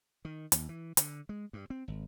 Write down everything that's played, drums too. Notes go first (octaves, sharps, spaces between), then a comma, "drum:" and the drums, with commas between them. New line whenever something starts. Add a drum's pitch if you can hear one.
D#3
D#2, drum: hi-hat
E3
D3, drum: hi-hat
G#3
G2
C4
G#1